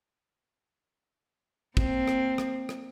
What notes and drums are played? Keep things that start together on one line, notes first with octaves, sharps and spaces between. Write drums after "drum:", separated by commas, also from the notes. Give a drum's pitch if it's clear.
A#3 C4, drum: kick
drum: rim click
drum: rim click
drum: rim click